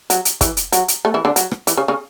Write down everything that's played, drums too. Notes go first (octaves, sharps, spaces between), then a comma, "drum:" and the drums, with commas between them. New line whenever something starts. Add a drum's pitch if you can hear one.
F#3, drum: hi-hat
drum: hi-hat
E3, drum: kick, hi-hat
drum: hi-hat
F#3, drum: hi-hat
drum: hi-hat
A3
E3 E4
D3 D4
F#3, drum: hi-hat
drum: rim click
E3, drum: hi-hat
C#3 C#4
C#3 C#4